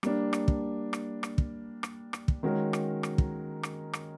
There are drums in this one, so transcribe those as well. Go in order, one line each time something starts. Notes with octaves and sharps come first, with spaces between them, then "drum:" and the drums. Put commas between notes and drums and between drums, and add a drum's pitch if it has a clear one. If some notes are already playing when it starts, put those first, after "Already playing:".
G3 A#3 D4, drum: rim click
drum: rim click
drum: kick
drum: rim click
drum: rim click
drum: kick
drum: rim click
drum: rim click
drum: kick
D#3 G#3 C#4 F#4 A#4
drum: rim click
drum: rim click
drum: kick
drum: rim click
drum: rim click